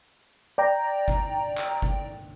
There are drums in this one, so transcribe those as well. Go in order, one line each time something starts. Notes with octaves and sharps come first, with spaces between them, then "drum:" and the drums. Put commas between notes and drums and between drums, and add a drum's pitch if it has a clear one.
D5 G5 A#5
drum: kick
drum: clap
drum: kick